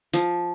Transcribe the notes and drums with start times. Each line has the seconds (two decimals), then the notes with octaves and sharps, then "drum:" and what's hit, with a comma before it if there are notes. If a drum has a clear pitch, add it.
0.14 F3, drum: hi-hat